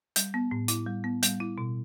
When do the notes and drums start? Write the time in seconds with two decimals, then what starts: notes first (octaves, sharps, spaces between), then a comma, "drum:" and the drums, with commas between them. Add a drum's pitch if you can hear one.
0.16 G3, drum: hi-hat
0.34 B3
0.51 A2
0.68 E4, drum: hi-hat
0.87 G3
1.04 B3
1.23 G3, drum: hi-hat
1.40 E4
1.58 B2